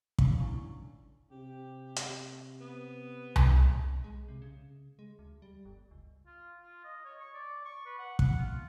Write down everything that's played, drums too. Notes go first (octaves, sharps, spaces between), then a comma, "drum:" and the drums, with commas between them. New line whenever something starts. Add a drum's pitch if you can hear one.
D3 C#4 F5, drum: kick
E4 G#5 C#6
C3 G4
drum: hi-hat
B3
drum: tom C2
G#3
C3
C#3
G#3
D2
G3
G1
C#2
F4
F4
D#5
C#5
C#6
D5
C#6
B4
F#5
F#5, drum: kick
F4